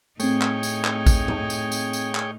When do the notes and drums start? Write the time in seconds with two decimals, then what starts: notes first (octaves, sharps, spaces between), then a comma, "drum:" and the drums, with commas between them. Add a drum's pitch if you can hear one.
0.20 A2 A3 C4 D#4 G#4 C#5 G5, drum: tambourine
0.41 drum: clap
0.63 drum: tambourine
0.85 drum: clap
1.06 drum: kick A1, tambourine
1.28 drum: tom G#2
1.50 drum: tambourine
1.72 drum: tambourine
1.93 drum: tambourine
2.15 drum: clap